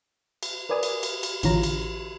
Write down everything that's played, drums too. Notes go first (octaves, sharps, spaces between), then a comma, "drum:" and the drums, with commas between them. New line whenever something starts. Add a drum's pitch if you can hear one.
drum: cymbal
A#4 B4 D5 G#5 D#6
drum: cymbal
drum: cymbal
drum: cymbal
A1 D3 E3 F4 C#5 A#5, drum: cymbal
drum: cymbal